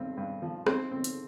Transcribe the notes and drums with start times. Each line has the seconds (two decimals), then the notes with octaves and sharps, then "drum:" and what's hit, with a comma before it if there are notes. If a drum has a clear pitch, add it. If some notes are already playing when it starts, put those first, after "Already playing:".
Already playing: G2 C4
0.17 G2
0.42 F3
0.67 C4 C5, drum: rim click
0.91 C4
1.04 drum: hi-hat